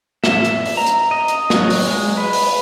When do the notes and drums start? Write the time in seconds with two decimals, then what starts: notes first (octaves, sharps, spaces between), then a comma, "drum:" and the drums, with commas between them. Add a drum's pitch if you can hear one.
0.24 E5, drum: snare
0.45 drum: hi-hat
0.65 drum: open hi-hat
0.77 A#5
0.86 drum: hi-hat
1.11 D#5
1.28 drum: hi-hat
1.50 F#3, drum: snare
1.70 drum: open hi-hat
1.86 G#3
2.17 B4
2.33 drum: open hi-hat